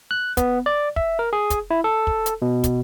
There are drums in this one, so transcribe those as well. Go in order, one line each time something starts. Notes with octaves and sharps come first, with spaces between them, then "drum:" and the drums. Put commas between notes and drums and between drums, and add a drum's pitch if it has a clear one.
F#6
B3, drum: kick, hi-hat
D5
E5, drum: kick
A#4
G#4
drum: kick, hi-hat
E4
A4
drum: kick
drum: hi-hat
B2
drum: kick, hi-hat